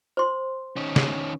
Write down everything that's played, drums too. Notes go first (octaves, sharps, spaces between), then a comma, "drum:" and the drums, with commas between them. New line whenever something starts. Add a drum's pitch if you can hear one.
C5 C6
D#3 C#4
drum: snare